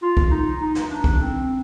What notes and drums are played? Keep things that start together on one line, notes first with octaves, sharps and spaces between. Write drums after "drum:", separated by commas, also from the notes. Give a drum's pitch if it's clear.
F4
drum: kick
D#4
D#4
drum: snare
D4
drum: kick
C4